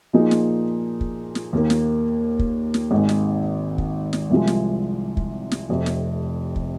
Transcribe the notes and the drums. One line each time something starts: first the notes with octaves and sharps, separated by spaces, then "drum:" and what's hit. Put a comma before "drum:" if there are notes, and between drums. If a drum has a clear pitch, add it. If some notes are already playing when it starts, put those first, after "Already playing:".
A#2 F3 A#3 D#4 G#4
drum: snare
drum: kick
drum: snare
D#2 D#3 A#3
drum: snare
drum: kick
drum: snare
G#1 G#2 D#3 G#3 D#4
drum: snare
drum: kick
drum: snare
C2 C3 F3 G#3
drum: snare
drum: kick
drum: snare
F1 F2 C3
drum: snare
drum: kick